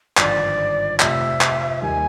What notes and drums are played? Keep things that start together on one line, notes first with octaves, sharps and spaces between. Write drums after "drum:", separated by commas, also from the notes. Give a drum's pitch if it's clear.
G#1 G2 D3 F3 D5, drum: clap
F2 C3 F3 A3 E5, drum: clap
drum: clap
D#2 D#3 G3 A#3 D#4 G#5